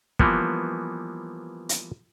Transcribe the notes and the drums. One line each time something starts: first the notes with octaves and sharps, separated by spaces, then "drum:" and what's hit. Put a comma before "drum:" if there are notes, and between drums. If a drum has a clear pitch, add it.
E3 F3 G3 A#3 B3, drum: kick
drum: hi-hat